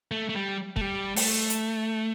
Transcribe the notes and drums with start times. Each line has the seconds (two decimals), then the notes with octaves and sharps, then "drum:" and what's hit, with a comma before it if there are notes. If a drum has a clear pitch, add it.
0.11 A3
0.29 A3
0.35 G3
0.76 A3, drum: kick
0.81 G3
1.16 A3, drum: open hi-hat
1.50 drum: hi-hat